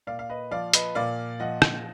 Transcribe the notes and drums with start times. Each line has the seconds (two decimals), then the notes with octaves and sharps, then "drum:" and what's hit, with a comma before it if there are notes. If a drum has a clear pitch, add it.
0.07 A#2 D5 F5
0.19 F5
0.30 B4 D#5
0.51 F3 D5 F5
0.74 B4 D#5, drum: hi-hat
0.95 A#2 D5 F5
1.40 F3 D#5 F#5
1.62 drum: rim click